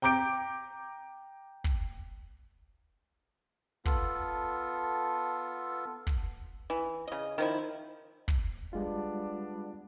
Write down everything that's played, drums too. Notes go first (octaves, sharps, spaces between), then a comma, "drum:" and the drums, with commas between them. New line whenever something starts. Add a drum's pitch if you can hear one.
G5 A#5 D6 G6 D7
drum: kick
B3 F4 A4, drum: kick
drum: kick
E3
C#3 D#5
D#3 F3 E4
drum: kick
G3 G#3 B3 D4 F4